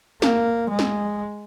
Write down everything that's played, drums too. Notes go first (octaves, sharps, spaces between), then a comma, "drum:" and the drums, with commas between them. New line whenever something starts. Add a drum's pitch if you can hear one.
A#3, drum: snare
G#3
drum: snare